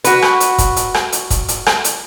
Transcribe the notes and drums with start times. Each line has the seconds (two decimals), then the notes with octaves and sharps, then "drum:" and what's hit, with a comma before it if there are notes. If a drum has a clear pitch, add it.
0.04 F#4 B4, drum: hi-hat
0.22 drum: rim click
0.40 drum: hi-hat
0.58 drum: kick, hi-hat
0.76 drum: hi-hat
0.94 drum: rim click
1.12 drum: hi-hat
1.30 drum: kick, hi-hat
1.48 drum: hi-hat
1.66 drum: rim click
1.84 drum: hi-hat